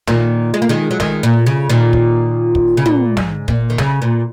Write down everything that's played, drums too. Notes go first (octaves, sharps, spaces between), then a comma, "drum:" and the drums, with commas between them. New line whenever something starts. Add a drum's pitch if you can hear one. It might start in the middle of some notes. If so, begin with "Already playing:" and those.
A#2 D#3, drum: snare
G#3
A#3
D#3 G#3
F#3
D#3 G#3, drum: snare
A#2
C#3
A#2 D#3
drum: kick
drum: kick
C#3
A#2, drum: tom
G#2, drum: snare
A#2, drum: kick
D#3
C#3, drum: snare
A#2